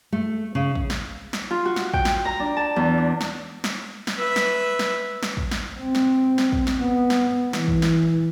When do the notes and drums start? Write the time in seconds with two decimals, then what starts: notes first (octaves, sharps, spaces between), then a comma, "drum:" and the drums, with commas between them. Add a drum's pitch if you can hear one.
0.12 A3
0.55 C#3
0.75 drum: kick
0.90 drum: snare
1.33 drum: snare
1.51 F4
1.65 F#4
1.76 drum: snare
1.94 G5, drum: kick
2.05 drum: snare
2.25 A#5
2.40 D4
2.57 A5
2.76 E2
2.98 D4
3.21 drum: snare
3.64 drum: snare
4.07 drum: snare
4.18 B4 E5
4.36 drum: snare
4.79 drum: snare
5.23 drum: snare
5.37 drum: kick
5.51 drum: snare
5.80 C4
5.95 drum: snare
6.38 drum: snare
6.52 drum: kick
6.67 drum: snare
6.80 B3
7.10 drum: snare
7.53 E3, drum: snare
7.68 drum: kick
7.82 drum: snare